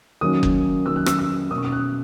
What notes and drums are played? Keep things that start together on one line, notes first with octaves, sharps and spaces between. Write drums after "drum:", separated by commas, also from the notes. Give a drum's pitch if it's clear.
D#3 F#3 A#3 C#4 D#6
drum: kick F#1
D#3 F#3 A#3 C#4 E6
F#6
E6, drum: rim click
E6
B2 A#3 C#4 D#6
C#6
D#6
F#6